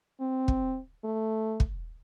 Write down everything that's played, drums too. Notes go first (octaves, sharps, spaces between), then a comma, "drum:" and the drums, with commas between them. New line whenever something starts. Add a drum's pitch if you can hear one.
C4
drum: kick
A3
drum: kick